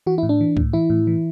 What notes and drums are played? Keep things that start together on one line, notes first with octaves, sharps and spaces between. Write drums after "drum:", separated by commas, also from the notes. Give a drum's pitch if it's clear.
E3 F#4
E4
A2
D4
E3
A2, drum: kick C#2
E3 E4
A2
E3